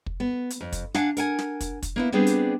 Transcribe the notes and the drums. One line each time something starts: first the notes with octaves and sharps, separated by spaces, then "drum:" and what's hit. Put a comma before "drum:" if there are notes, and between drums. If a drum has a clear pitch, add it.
drum: kick
B3
drum: hi-hat
F2
drum: kick, hi-hat
D4 F5 F#5 G#5, drum: snare
A#4 F#5 G#5, drum: hi-hat
drum: snare
drum: kick, hi-hat
drum: kick, hi-hat
A#3 B3 E4
G3 B3 C4 D4 G#4 B4
drum: hi-hat